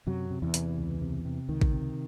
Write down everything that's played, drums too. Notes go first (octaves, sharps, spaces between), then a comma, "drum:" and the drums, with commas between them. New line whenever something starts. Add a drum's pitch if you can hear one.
F#2 C3 F#3
C3
E2 E3
C3, drum: hi-hat
C#2
C3
C3
C#2 D#3
drum: kick A1
C3